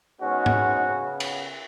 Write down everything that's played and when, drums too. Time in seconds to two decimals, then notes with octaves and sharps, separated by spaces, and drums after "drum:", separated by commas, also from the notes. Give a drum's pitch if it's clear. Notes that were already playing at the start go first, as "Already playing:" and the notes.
0.21 G#2 G#3 B3 C#4 F#4
0.46 drum: tom G#2
0.86 C#3 B3
1.20 drum: cymbal